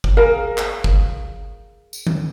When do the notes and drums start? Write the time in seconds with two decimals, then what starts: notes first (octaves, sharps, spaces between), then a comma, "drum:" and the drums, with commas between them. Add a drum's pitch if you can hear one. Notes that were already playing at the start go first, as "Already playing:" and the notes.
0.04 drum: kick G1
0.17 G#4 A#4 F5
0.58 drum: clap
0.84 drum: kick G1
1.93 drum: tambourine
2.07 drum: tom D#3